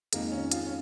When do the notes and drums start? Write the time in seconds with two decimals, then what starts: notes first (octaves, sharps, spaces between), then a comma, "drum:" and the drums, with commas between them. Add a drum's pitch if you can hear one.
0.13 F2 D#3 G#3 A#3 D#4, drum: hi-hat
0.32 C#4
0.52 F4, drum: hi-hat
0.66 C#4